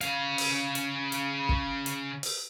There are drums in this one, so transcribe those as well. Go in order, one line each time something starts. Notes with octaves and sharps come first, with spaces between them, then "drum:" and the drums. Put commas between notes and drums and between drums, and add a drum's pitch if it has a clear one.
C#3 F5, drum: hi-hat
drum: open hi-hat
drum: hi-hat
drum: hi-hat
drum: kick
drum: hi-hat
drum: open hi-hat